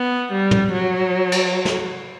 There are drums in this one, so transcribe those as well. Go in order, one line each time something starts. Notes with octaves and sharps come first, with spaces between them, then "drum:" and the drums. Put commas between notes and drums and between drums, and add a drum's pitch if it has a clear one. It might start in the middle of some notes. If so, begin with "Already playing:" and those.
Already playing: B3
G3
drum: tom
F#3
drum: cymbal
drum: snare